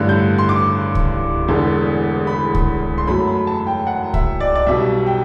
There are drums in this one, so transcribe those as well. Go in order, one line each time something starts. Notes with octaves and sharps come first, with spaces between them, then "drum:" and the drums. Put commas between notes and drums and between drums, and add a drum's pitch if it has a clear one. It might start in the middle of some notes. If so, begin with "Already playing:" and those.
Already playing: A1 G2 D3 F#6
G6
C6
D6
drum: kick C2
E1 E2 D3
B5
drum: kick C2
C6
F#2 F#3 A3 B5
B5
A5
G5
F#5
E5, drum: kick C2
D5
D5
B1 B2 G3 E5
G5